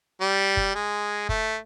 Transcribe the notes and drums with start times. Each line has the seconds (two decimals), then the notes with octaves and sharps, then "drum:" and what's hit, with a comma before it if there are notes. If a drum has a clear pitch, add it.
0.21 G3
0.57 drum: kick
0.75 G#3
1.29 A3, drum: kick